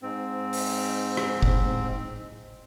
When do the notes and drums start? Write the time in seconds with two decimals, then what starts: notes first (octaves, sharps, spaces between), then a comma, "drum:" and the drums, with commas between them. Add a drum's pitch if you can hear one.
0.02 G#2 C4
0.53 drum: open hi-hat
1.17 drum: rim click
1.43 drum: kick F#1